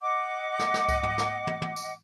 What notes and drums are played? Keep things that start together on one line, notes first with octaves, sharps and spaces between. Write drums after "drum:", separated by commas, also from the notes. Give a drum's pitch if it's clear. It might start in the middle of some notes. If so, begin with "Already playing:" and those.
D#5 F#5 D6
drum: snare
drum: snare
drum: kick C#2, tambourine
drum: tom
drum: snare
drum: tom
drum: tom
drum: tambourine